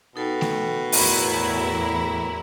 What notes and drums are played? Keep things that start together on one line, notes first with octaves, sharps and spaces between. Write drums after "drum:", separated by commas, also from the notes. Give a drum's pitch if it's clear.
B2 D#4 A4 G5
drum: snare A3
E2 A2 E4 F#4 A#4 A#5 C#6, drum: open hi-hat